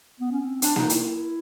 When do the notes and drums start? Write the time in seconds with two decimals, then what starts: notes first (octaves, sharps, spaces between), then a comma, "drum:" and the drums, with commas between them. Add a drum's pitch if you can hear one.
0.20 B3
0.31 C#4
0.41 C4
0.62 D4, drum: hi-hat
0.76 D#4, drum: snare A#3
0.90 E4, drum: hi-hat